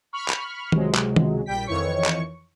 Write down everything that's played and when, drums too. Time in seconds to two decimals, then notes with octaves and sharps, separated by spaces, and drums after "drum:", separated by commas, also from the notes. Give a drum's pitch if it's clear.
0.13 B5 C#6 F6
0.28 drum: clap
0.72 C#2 C3 F#3 G#3, drum: tom D#3
0.94 drum: clap
1.16 drum: tom D#3
1.46 A#1 G3 G5 B6
1.67 F2 D#3 E3 C#5 C#6 C#7
2.04 drum: clap